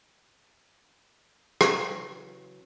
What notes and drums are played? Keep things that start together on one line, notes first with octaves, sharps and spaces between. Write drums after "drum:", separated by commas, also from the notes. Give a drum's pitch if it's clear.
C#3 E3 F#3, drum: rim click